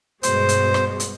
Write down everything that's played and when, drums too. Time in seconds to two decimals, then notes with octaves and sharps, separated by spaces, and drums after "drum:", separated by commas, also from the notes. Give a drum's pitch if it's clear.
0.23 G2 B2 G#3 C5, drum: hi-hat
0.49 drum: hi-hat
0.74 drum: rim click
1.00 drum: hi-hat